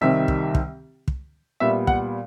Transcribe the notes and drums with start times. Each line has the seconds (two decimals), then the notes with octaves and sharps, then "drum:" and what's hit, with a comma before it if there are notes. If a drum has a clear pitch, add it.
0.01 C2 C3 D#3 G3 C4 E5
0.28 drum: kick
0.55 drum: kick
1.08 drum: kick
1.60 A#2 G3 B3 E5
1.87 F#5, drum: kick